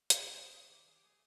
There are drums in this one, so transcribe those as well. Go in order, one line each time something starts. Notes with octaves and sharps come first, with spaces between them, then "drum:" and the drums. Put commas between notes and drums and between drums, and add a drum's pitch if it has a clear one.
F4, drum: hi-hat
F#4
G4
C4 G#4
D#3 G#4
F#4
D#3 G4
G3 G#4
G4
A3 G#4